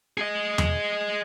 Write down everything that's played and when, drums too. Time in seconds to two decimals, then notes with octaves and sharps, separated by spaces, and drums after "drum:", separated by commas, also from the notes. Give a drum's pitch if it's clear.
0.18 G#4 D#5
0.58 drum: tom E2